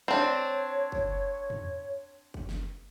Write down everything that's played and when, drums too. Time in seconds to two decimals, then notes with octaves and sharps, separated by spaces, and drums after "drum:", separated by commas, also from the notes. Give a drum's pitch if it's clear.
0.08 C4 D4 C#5
0.92 drum: kick
1.50 drum: tom
2.34 drum: kick
2.49 drum: snare